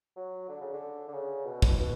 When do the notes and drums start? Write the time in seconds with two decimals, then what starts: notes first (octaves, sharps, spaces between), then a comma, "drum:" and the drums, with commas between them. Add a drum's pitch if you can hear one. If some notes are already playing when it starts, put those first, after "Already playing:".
0.16 F#3
0.49 D3
0.61 C#3
0.73 D3
1.08 D3
1.13 C#3
1.46 B2
1.62 drum: kick
1.79 B2